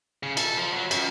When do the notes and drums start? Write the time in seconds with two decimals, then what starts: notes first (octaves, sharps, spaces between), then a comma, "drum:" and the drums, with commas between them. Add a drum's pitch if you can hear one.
0.23 C#3
0.37 A4, drum: cymbal
0.58 F3
0.73 F#3
0.91 F#2, drum: cymbal